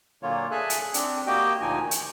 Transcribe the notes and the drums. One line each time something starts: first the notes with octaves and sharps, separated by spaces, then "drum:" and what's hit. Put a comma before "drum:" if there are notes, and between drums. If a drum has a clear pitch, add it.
A#2 D3 F#3 A#3 F4 C#5
G#4 A4 E5 G#5 F#6
drum: hi-hat
C4 D4, drum: hi-hat
A#3 F#4 G4 D#5 G5
D2 A#2 F3 D#4 G#5
D#3
drum: hi-hat